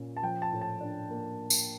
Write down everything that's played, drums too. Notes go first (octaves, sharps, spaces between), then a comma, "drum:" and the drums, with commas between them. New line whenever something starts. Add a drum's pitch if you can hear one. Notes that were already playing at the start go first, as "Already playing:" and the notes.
Already playing: A#2 C#4
A5
F3 G5
A5
A2
A5
D4
A#3
drum: tambourine